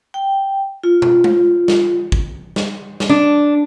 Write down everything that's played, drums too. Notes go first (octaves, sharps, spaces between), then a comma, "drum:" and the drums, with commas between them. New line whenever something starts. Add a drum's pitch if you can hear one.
G5
F4
drum: tom
drum: tom G#3
drum: snare
drum: kick
drum: snare
drum: snare
D4